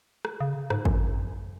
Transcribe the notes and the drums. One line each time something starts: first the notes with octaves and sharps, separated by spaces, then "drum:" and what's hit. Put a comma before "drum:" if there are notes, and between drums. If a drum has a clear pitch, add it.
drum: rim click
C#3
G#2, drum: rim click
F#2, drum: kick G#1